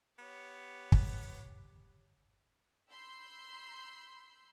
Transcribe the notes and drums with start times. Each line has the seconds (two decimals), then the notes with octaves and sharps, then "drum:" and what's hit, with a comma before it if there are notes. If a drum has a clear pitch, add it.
0.19 B3 G4 C#5
0.92 drum: kick
2.89 B5 C6 E6 G6 C7